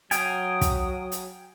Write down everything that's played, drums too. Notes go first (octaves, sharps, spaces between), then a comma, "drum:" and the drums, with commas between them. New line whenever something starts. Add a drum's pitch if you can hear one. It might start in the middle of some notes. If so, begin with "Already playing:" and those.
F#3 F5 G5 G#5 D#6, drum: hi-hat
drum: kick, hi-hat
drum: hi-hat